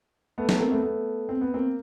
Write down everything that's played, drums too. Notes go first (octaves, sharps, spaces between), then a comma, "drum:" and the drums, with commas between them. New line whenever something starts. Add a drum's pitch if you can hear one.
A3 B3
A3 B3, drum: snare
A#3 C4
A3 B3
A3 B3
C4
B3
A#3 C4